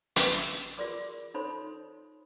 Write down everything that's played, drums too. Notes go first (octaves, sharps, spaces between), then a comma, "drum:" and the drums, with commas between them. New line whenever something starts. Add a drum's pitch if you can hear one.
B4, drum: hi-hat
E6
F4 G#4 A#4 D5 C6 D6
D#4 A4 C5 C#5 B5 C6